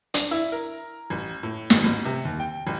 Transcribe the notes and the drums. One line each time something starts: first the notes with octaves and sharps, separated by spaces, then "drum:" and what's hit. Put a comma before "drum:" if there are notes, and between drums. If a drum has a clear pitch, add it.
D4, drum: hi-hat
E4
A#4
A1
A2
G#1, drum: snare
A1
C3
D#2
G5
A1